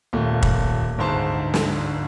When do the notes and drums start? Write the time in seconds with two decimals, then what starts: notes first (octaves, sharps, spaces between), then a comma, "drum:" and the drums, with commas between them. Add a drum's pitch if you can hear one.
0.13 D#1 A#2 A3
0.43 drum: kick
0.98 G1 D2 G#2 C5 A5
1.54 drum: snare